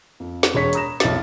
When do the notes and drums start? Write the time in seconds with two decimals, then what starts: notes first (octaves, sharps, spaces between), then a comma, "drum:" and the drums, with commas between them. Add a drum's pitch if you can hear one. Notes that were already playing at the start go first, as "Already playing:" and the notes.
0.20 F2
0.43 drum: snare
0.54 E1 G#4 C#5 B6
0.73 A#5 B5 D#6 A#6 E7, drum: hi-hat
1.00 B1 F2 E4 D#5 A6, drum: snare